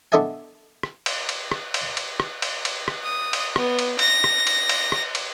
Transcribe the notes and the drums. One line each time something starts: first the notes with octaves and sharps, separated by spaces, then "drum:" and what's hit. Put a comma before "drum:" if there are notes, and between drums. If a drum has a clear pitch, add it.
B3 D4 A4 D#5 E5 G#5
drum: rim click
drum: cymbal
drum: cymbal
drum: rim click
drum: cymbal
drum: cymbal
drum: rim click
drum: cymbal
drum: cymbal
drum: rim click
D#6
drum: cymbal
B3, drum: rim click
drum: cymbal
A#6, drum: cymbal
drum: rim click
drum: cymbal
drum: cymbal
drum: rim click
drum: cymbal